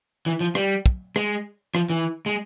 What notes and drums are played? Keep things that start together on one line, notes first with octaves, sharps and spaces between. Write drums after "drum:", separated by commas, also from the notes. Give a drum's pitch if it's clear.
E3
F3
G3, drum: rim click
drum: kick
G#3, drum: rim click
F3, drum: rim click
E3
G#3